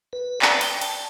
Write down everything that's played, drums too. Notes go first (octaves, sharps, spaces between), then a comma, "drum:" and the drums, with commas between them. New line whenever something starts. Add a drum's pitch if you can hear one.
B4
D5, drum: clap
G5, drum: cymbal
A5, drum: cymbal